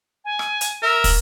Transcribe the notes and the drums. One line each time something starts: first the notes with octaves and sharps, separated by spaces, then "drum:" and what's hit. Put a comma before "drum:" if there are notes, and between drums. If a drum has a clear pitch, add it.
G#5
drum: rim click
drum: hi-hat
A#4 E5
drum: kick, open hi-hat